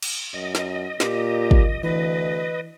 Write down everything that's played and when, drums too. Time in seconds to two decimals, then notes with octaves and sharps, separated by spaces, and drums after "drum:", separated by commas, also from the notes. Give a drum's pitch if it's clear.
0.03 drum: cymbal
0.34 F#2 D#5
0.55 drum: snare
1.00 A#2 G4, drum: snare
1.51 drum: kick
1.83 D2 E3 B4 D#5